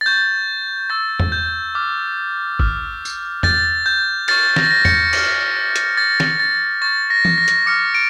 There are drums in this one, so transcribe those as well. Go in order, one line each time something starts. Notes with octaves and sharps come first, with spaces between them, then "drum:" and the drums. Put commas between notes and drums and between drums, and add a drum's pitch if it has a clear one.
A6
C#6 G6
C#6 E6 G6 A6
drum: tom E2
G6
D6 F6
D6 F6, drum: kick G#1
drum: tambourine
D6 G6 A6, drum: tom E2
G6
C#6 F6 A6, drum: cymbal
A#6, drum: snare
A6
A#6
C#7, drum: tom E2
D6 F6, drum: cymbal
drum: hi-hat
D6 G6 A6
drum: snare
A6
C#6 G6 A6
A#6
drum: tom E3
A#6
drum: hi-hat
D6 F6 C#7
D7